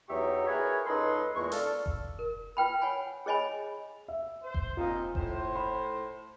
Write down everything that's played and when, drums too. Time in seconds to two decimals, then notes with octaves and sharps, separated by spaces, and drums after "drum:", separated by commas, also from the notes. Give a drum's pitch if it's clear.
0.09 E2 F#3 D#4 G4 E5 C#6
0.47 E4 G#4 A#4 B4 C#5
0.87 C#2 D#4 A4 B4 D#5 C6
1.35 E2 A#2 G#3 C#6
1.52 D4 A4 F5, drum: hi-hat
1.86 drum: kick F1
2.19 A#4
2.57 F4 B4 G5 B5
2.82 C#5 F#5 G#5 B5
3.26 G#4 C#5 D#5 G#5 B5
4.08 E5
4.43 C5
4.54 drum: kick F1
4.77 A#2 C4 D#4 F4
5.15 A2 C5, drum: kick F1
5.56 B5